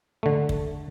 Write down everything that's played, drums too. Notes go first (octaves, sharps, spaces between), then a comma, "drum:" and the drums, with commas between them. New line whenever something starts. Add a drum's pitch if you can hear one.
D3 A3
drum: kick